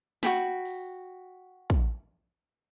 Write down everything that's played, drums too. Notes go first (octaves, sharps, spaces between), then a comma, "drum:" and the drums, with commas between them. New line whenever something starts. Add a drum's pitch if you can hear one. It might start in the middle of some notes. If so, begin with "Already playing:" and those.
F#4 A4 G5 B5, drum: snare
drum: open hi-hat
drum: kick